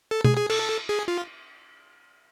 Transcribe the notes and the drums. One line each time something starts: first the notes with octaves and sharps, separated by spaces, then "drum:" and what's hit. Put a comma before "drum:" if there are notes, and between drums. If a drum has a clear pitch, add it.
A4
G#4, drum: tom B2
G#4
A4, drum: cymbal
G#4
F4